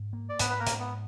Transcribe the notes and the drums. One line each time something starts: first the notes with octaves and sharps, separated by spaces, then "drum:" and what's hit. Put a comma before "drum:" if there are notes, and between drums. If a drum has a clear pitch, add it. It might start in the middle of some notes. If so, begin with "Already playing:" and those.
Already playing: G#2
A#3
D5
G#2 B3 B4, drum: hi-hat
B4
A#3 A#4
G#2, drum: hi-hat
B3